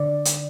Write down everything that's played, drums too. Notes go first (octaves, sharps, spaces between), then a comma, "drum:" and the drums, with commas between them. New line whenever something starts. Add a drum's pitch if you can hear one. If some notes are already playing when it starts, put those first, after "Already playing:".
Already playing: D3 D5
drum: hi-hat